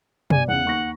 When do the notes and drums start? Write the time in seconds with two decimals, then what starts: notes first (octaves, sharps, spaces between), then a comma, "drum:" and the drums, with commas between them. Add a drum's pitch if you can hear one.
0.30 G1 D5 G#5, drum: tom B2
0.48 E2 C#3 F#5
0.65 D#2 C#6 A#6